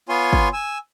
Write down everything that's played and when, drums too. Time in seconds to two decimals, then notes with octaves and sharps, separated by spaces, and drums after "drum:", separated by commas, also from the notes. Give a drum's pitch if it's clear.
0.09 B3 F4 C#5 G#5 C6
0.33 drum: kick
0.53 G#5 E6